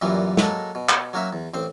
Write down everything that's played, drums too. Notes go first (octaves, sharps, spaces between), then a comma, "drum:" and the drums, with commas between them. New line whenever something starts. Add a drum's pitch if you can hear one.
F#2 A#2 E3 F#3 G3
F#3 G#3 A#3 A4, drum: snare
B2
drum: clap
F#3 A#3 C#4 F#4 E5
E2
A1 C4 C5